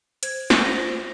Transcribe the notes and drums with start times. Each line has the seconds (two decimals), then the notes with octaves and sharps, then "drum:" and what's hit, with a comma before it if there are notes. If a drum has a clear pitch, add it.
0.23 C5 G#6, drum: hi-hat
0.50 F4, drum: snare
0.64 A#6
0.77 C5